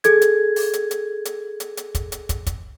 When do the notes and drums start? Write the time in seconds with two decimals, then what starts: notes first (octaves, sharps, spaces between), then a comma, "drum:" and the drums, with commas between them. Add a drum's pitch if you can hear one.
0.04 G#4 A4 G#6, drum: hi-hat
0.21 drum: hi-hat
0.56 drum: open hi-hat
0.73 drum: hi-hat
0.91 drum: hi-hat
1.25 drum: hi-hat
1.60 drum: hi-hat
1.77 drum: hi-hat
1.95 drum: kick, hi-hat
2.12 drum: hi-hat
2.29 drum: kick, hi-hat
2.47 drum: kick, hi-hat